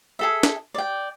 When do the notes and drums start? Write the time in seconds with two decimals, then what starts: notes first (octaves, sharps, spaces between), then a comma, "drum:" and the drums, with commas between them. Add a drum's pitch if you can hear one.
0.19 G#4 A4 E5
0.43 drum: snare
0.74 D5 G5